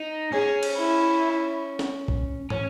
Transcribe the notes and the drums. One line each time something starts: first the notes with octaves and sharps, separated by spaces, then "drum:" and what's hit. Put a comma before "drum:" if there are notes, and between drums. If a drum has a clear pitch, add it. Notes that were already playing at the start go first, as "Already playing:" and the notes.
Already playing: D#4
C#4 G#4
drum: cymbal
E4
drum: snare
drum: kick
C#4, drum: tom